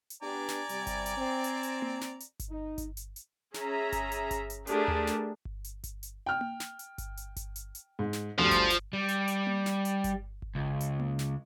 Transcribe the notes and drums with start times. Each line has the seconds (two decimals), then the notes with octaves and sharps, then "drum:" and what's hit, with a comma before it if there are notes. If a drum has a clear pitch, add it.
0.10 drum: hi-hat
0.22 B3 D4 G4 D5 G#5 A#5
0.48 drum: snare
0.69 C3 G3, drum: hi-hat
0.87 drum: kick G1, hi-hat
1.06 drum: hi-hat
1.17 C4
1.44 drum: hi-hat
1.63 drum: hi-hat
1.82 drum: tom A#3
2.01 drum: snare
2.20 drum: hi-hat
2.40 drum: kick G1, hi-hat
2.50 D#4
2.78 drum: kick G1, hi-hat
2.97 drum: hi-hat
3.16 drum: hi-hat
3.54 C#4 G#4 E5 A#5, drum: snare
3.92 drum: kick G1, hi-hat
4.12 drum: hi-hat
4.31 drum: kick G1, hi-hat
4.50 drum: hi-hat
4.67 A3 D4 G4 G#4 A#4, drum: hi-hat
4.88 drum: tom D#2
5.07 drum: snare
5.45 drum: kick G1
5.64 drum: hi-hat
5.84 drum: kick G1, hi-hat
6.03 drum: hi-hat
6.26 G5 F6
6.41 drum: tom A#3
6.60 drum: snare
6.79 drum: hi-hat
6.98 drum: kick G1, hi-hat
7.17 drum: hi-hat
7.36 drum: kick G1, hi-hat
7.56 drum: hi-hat
7.75 drum: hi-hat
7.99 G#2
8.13 drum: snare
8.39 D2 G2 F3
8.51 drum: kick G1, hi-hat
8.70 drum: hi-hat
8.93 G3
9.08 drum: hi-hat
9.28 drum: hi-hat
9.47 drum: tom A#3
9.66 drum: snare
9.85 drum: hi-hat
10.04 drum: kick G1, hi-hat
10.42 drum: kick G1
10.55 C#2
10.80 drum: hi-hat
11.00 drum: tom A#3
11.19 drum: snare